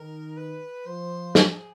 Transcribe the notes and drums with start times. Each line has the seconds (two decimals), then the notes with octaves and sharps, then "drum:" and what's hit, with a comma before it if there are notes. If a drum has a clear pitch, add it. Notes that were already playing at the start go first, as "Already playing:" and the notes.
Already playing: D#3 A#4
0.37 B4
0.86 F3 C5
1.35 A4, drum: snare
1.52 G#4